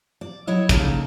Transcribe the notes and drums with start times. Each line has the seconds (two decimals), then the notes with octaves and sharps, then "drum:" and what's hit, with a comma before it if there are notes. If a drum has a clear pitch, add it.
0.21 D5
0.47 F#3 E4 C#5 D#5
0.69 C#3 A#3 D#4 A4, drum: kick, hi-hat